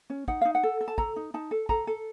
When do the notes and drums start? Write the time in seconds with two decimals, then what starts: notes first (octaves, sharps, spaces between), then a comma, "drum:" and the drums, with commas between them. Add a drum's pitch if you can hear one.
0.10 C#4
0.28 D#4 F#5, drum: kick
0.41 D#4 F5
0.55 F#5
0.63 A4
0.81 A4
0.88 A5
0.98 A4 A#5, drum: kick
1.16 D#4
1.34 D#4 A5
1.51 A4
1.69 A4 A#5, drum: kick
1.87 A4